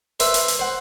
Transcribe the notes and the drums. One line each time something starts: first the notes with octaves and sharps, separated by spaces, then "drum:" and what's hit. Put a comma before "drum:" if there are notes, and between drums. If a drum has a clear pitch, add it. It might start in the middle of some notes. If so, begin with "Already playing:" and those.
B4 C5 E5, drum: hi-hat
drum: hi-hat
drum: hi-hat
C5 F#5